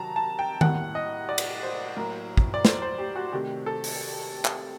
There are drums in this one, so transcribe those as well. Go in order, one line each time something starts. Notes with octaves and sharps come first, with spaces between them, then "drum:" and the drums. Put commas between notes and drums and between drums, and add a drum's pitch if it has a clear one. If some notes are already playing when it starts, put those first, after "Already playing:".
Already playing: C3 D#3 F#3 A5 A#5
A5
G5
A2 G3 A#3 F#5, drum: tom D#3
D#5
D5
drum: cymbal
C5
A2 F#3 A#3 A#4
drum: kick
D5
C5, drum: snare
C5
G4
F#4
C3 D#3 A3 G4
A4
drum: open hi-hat
drum: clap